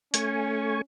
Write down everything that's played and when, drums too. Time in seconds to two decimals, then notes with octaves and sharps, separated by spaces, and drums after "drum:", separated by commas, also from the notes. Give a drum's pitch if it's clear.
0.14 A3 C#4 G#5 C#6, drum: hi-hat